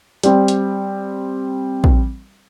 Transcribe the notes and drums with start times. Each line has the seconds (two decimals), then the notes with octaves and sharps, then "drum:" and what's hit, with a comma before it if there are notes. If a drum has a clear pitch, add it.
0.23 G3 C4, drum: hi-hat
0.48 drum: hi-hat
1.84 drum: kick